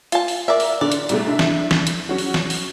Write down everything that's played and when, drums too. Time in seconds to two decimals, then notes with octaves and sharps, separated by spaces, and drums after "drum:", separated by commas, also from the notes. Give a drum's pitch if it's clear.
0.12 F4 A5, drum: hi-hat
0.28 drum: open hi-hat
0.48 A#4 D5 E5
0.60 drum: open hi-hat
0.81 D3 D5
0.92 drum: hi-hat
1.09 C2 C3 A3, drum: hi-hat
1.27 D4 E4 E5
1.39 drum: snare
1.71 drum: snare
1.87 drum: hi-hat
2.09 F#3 C#4 F#4
2.18 drum: open hi-hat
2.34 drum: snare
2.50 drum: open hi-hat